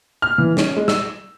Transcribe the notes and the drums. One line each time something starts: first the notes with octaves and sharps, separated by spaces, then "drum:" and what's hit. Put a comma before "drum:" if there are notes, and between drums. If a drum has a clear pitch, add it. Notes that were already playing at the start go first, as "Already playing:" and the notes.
F6
E3
C#4, drum: snare
G#3
E6, drum: snare